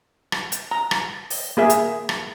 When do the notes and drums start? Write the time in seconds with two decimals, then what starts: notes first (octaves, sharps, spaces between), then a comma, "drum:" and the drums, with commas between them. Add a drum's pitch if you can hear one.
0.32 drum: rim click
0.52 drum: hi-hat
0.71 A#5
0.91 drum: rim click
1.30 drum: open hi-hat
1.57 A#3 G#4 E5
1.70 drum: hi-hat
2.09 drum: rim click